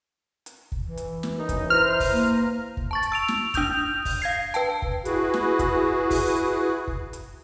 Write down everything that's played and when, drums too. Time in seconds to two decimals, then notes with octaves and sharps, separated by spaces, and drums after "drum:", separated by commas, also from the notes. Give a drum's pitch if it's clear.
0.46 drum: hi-hat
0.72 drum: kick
0.86 E3
0.97 drum: hi-hat
1.23 drum: snare
1.37 F#2 D#4
1.49 drum: kick, hi-hat
1.70 E4 B4 C5 A#5 F6
2.00 drum: kick, open hi-hat
2.12 A#3
2.77 drum: kick
2.91 A5 C#6 A6
3.03 drum: hi-hat
3.12 E6 D7 F7
3.28 drum: snare
3.54 D4 D#6 G6 F7, drum: kick, hi-hat
4.05 drum: kick, open hi-hat
4.22 F5 G#6 C7
4.54 B4 G5 A5, drum: hi-hat
4.82 drum: kick
5.05 E4 F#4 G#4 B4, drum: hi-hat
5.34 drum: snare
5.59 drum: kick, hi-hat
6.11 drum: kick, open hi-hat
6.87 drum: kick
7.13 drum: hi-hat